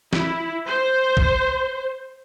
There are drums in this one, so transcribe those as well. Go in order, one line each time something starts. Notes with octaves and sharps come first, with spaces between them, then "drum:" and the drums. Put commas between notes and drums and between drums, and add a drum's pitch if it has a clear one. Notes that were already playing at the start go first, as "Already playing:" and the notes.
E4, drum: snare
C5
drum: kick